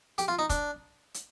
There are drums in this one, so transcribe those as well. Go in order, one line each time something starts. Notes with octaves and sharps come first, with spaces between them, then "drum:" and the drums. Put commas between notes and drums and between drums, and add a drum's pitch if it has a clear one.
G4, drum: hi-hat
F4
D#4
D4, drum: kick, hi-hat
drum: hi-hat